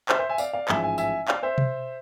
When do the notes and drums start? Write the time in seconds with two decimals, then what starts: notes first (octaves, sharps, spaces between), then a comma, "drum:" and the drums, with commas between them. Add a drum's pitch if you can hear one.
0.09 C5 E5, drum: clap
0.19 C5 E5
0.29 E5 G#5
0.38 D5 F5, drum: tambourine
0.53 D5 F5
0.69 A1 G#2 F3 G#3 E5 G#5, drum: clap
0.83 E5 G#5
0.98 E5 G#5, drum: tambourine
1.28 D5 F5, drum: clap
1.43 C5 E5
1.58 drum: tom B2